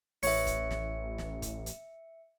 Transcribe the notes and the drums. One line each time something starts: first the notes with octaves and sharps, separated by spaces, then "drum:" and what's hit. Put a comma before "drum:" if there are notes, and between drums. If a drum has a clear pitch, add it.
A1 B4 C#5 E5 C#7, drum: open hi-hat
drum: kick, hi-hat
drum: snare
drum: snare
drum: kick, hi-hat
drum: hi-hat